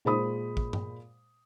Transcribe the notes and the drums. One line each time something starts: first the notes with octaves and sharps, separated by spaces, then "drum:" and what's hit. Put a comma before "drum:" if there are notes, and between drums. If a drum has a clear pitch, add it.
A#2 G#3 C5 B5 D#6
drum: kick
drum: tom G2